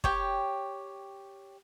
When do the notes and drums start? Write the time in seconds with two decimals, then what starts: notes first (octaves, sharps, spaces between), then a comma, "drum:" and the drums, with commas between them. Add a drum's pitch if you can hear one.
0.04 G4 C#5 G5, drum: kick